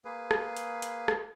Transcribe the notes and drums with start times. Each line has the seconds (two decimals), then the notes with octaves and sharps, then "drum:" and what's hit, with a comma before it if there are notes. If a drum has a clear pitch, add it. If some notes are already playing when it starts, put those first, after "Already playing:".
0.05 A#3 G#4 B4
0.31 drum: rim click
0.57 drum: hi-hat
0.82 drum: hi-hat
1.08 drum: rim click